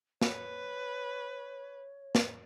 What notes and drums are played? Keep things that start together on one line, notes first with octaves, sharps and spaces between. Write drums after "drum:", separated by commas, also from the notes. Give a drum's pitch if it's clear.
B4 C#5, drum: snare
drum: snare